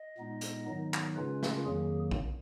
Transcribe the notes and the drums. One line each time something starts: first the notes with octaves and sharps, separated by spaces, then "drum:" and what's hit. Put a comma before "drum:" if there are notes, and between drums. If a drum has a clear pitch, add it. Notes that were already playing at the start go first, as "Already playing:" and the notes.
Already playing: D#5
A#2 G#3 B3 D#4
drum: hi-hat
G#2 D#3 F#3 B3 D#4
drum: clap
C#3 G#3 C#4 F4 B4
drum: snare
F2 D#3 F#3 A#3 G#4
drum: kick A#1